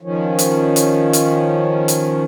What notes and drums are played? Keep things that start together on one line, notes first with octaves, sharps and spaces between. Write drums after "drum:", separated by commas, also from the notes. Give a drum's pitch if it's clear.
D#3 F3 C#4
drum: hi-hat
drum: hi-hat
drum: hi-hat
drum: hi-hat